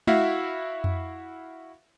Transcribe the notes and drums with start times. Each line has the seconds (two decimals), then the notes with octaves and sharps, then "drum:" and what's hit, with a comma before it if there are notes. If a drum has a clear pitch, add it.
0.07 E4 F#4 E5 F5, drum: tom G#3
0.84 drum: tom F2